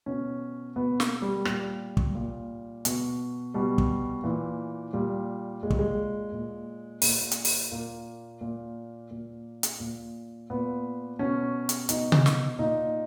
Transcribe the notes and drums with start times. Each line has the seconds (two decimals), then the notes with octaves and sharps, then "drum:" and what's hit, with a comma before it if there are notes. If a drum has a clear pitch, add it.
0.06 B2 C#4
0.76 B2 B3
1.00 A#3, drum: snare
1.22 G3
1.45 A#2 G3, drum: rim click
1.97 drum: kick
2.15 A#2
2.85 B2, drum: hi-hat
3.54 B2 G3
3.78 drum: kick
4.24 A#2 E3
4.93 A#2 G3
5.63 A#2 G#3
5.70 G3, drum: kick
5.79 G#3
6.32 A#2
7.02 A#2, drum: open hi-hat
7.31 drum: hi-hat
7.45 drum: open hi-hat
7.71 A#2 A#3
8.41 A#2
9.11 A#2
9.63 drum: hi-hat
9.80 A#2
10.50 A#2 B3
11.19 B2 C#4
11.69 drum: hi-hat
11.89 B2 D#4, drum: hi-hat
12.12 drum: tom C3
12.26 drum: snare
12.58 A#2 D#4